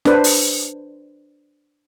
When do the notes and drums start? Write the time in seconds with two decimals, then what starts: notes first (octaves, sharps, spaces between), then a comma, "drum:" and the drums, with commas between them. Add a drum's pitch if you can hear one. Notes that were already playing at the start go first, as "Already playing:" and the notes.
0.05 D4 B4 C5, drum: snare
0.24 drum: open hi-hat